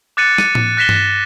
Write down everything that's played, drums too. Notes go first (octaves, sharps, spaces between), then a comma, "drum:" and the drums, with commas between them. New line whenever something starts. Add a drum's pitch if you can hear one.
D6 F#6 A6 C#7 D#7
D#7, drum: snare
drum: tom A2
F#6 A#6 B6 E7 G7
drum: tom G2